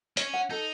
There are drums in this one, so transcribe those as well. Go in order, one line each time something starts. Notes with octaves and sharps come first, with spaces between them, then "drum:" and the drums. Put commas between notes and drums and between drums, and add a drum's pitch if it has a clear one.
C#4 C#5, drum: hi-hat
F#5
D#4 A4